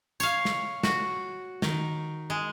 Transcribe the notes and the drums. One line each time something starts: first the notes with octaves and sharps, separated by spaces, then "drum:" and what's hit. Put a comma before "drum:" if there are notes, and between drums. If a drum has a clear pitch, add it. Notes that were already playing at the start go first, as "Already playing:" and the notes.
C#5 F5, drum: tambourine
drum: snare
F#4, drum: snare
D#3, drum: snare
G#3